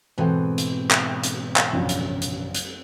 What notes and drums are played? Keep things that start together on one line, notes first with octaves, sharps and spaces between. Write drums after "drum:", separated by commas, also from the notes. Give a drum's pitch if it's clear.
G#2 B2 E3 C4 A4 G5
drum: hi-hat
drum: clap
drum: hi-hat
drum: clap
A#1 F#2 C#3
drum: hi-hat
drum: hi-hat
drum: hi-hat